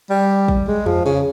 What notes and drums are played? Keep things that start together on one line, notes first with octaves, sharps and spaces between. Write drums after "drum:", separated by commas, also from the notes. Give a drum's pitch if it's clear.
G3
drum: kick
G#3
F3, drum: tom E2
C#3